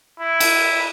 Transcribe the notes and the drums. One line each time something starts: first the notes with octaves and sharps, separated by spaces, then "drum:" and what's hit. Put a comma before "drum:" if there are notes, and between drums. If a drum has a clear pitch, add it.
E4
drum: cymbal